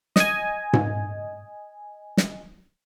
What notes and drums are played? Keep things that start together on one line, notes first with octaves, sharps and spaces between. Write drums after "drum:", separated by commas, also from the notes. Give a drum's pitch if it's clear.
D#5 G#5, drum: snare
drum: tom G#2
drum: snare